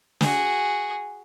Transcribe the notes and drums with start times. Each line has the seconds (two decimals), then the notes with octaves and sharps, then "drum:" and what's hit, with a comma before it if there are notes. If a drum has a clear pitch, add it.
0.21 F#4 G#4, drum: snare